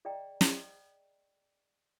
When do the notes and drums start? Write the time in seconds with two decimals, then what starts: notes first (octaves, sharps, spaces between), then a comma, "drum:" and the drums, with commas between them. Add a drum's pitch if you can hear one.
0.05 G#4 D5 D#5 G5 A#5
0.41 drum: snare